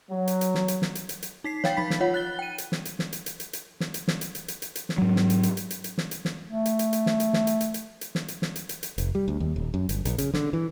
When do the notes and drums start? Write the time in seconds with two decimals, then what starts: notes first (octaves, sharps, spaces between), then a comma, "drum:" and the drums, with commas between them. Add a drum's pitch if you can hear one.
0.11 F#3
0.27 drum: hi-hat
0.41 drum: hi-hat
0.55 drum: snare
0.68 drum: hi-hat
0.82 drum: snare
0.95 drum: hi-hat
1.09 drum: hi-hat
1.23 drum: hi-hat
1.44 D#4 B6 C7
1.64 C#5 F5 G5 A6, drum: snare
1.77 F3 D#4 B5 B6
1.90 drum: snare
2.00 F4 C#5 F#5
2.14 F#6 A6 G7
2.39 G5 D#7
2.58 drum: hi-hat
2.72 drum: snare
2.85 drum: hi-hat
2.99 drum: snare
3.13 drum: hi-hat
3.26 drum: hi-hat
3.40 drum: hi-hat
3.53 drum: hi-hat
3.80 drum: snare
3.94 drum: hi-hat
4.08 drum: snare
4.21 drum: hi-hat
4.35 drum: hi-hat
4.48 drum: hi-hat
4.62 drum: hi-hat
4.75 drum: hi-hat
4.89 drum: snare
4.98 G#2 F#3
5.16 drum: snare
5.30 drum: hi-hat
5.43 drum: hi-hat
5.57 drum: hi-hat
5.70 drum: hi-hat
5.84 drum: hi-hat
5.98 drum: snare
6.11 drum: hi-hat
6.25 drum: snare
6.46 A3
6.65 drum: hi-hat
6.79 drum: hi-hat
6.93 drum: hi-hat
7.06 drum: snare
7.20 drum: hi-hat
7.33 drum: snare
7.47 drum: hi-hat
7.61 drum: hi-hat
7.74 drum: hi-hat
8.01 drum: hi-hat
8.15 drum: snare
8.28 drum: hi-hat
8.42 drum: snare
8.56 drum: hi-hat
8.69 drum: hi-hat
8.83 drum: hi-hat
8.98 F1, drum: hi-hat
9.15 G3
9.28 D2
9.40 D#2
9.56 D#1
9.74 F#2
9.89 G1, drum: hi-hat
10.05 A#1, drum: hi-hat
10.18 C#3, drum: hi-hat
10.34 D3, drum: snare
10.53 E3